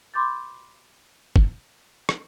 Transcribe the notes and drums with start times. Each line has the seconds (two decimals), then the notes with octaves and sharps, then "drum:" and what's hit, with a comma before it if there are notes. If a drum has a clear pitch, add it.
0.14 B5 C6 D6 G6 A6
1.36 drum: kick
2.09 drum: rim click